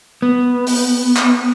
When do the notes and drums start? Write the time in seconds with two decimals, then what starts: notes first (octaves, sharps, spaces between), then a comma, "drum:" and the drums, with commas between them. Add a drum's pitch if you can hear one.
0.22 B3
0.67 drum: open hi-hat
1.16 drum: clap